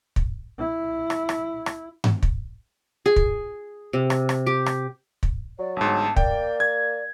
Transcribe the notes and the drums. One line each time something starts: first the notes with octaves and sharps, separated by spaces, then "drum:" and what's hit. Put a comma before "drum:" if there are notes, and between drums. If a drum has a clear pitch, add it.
drum: kick
E4
drum: rim click
drum: rim click
drum: rim click
drum: tom G2
drum: kick
G#4
drum: kick
C3
drum: rim click
drum: rim click
G4
drum: rim click
drum: kick
F#3 D5
G1 G#2 A5
A#3 D5 G5, drum: kick
G#6